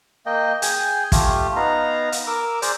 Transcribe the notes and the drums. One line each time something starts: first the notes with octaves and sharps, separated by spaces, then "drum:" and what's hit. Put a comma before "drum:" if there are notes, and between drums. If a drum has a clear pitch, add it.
A#3 D#5 G5
G#4 G5 G#5, drum: hi-hat
A3 F4 G4, drum: kick, hi-hat
B3 D#4 F5 A#5
drum: hi-hat
A#4 D6 E6
G#4 C5 D5, drum: hi-hat